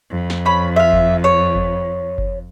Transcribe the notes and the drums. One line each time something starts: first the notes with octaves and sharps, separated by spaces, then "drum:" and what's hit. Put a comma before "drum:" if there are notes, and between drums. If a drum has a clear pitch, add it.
F2
drum: snare
C#4 B5
E5 F5
drum: kick F#1
C#5
drum: kick F#1
drum: kick F#1